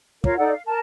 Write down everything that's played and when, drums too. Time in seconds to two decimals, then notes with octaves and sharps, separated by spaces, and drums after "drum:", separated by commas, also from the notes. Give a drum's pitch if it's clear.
0.24 F4 A#4 C#5 F5, drum: kick
0.38 D#4 A4 D5 F#5
0.51 F5
0.66 A#4 A5